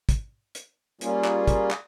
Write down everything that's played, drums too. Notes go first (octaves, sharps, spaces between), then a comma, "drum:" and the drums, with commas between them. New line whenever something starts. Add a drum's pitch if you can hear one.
drum: kick, hi-hat
drum: hi-hat
G3 A#3 C#4 F4 G#4, drum: hi-hat
drum: clap
drum: kick, hi-hat
drum: clap